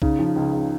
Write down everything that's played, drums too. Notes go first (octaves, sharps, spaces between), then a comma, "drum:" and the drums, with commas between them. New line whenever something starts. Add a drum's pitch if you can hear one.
C#3 D#4, drum: kick B1
F3
C#2
C#3